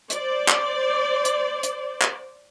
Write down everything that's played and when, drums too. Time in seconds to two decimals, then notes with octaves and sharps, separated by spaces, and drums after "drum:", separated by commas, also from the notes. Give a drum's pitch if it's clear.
0.10 C5 D5, drum: hi-hat
0.48 drum: clap
1.25 drum: hi-hat
1.63 drum: hi-hat
2.02 drum: clap